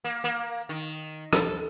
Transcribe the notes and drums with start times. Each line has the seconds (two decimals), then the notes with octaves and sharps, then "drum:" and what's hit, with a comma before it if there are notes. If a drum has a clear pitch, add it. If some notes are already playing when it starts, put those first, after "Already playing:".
0.04 A#3
0.24 A#3
0.69 D#3
1.33 A4, drum: rim click